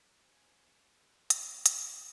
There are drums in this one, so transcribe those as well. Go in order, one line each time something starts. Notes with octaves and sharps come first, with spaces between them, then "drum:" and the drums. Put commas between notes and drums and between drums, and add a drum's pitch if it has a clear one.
C5 G#5
C3 G3 G#3 B4
F#3 A#3 B3 C#4 F#5, drum: hi-hat
drum: hi-hat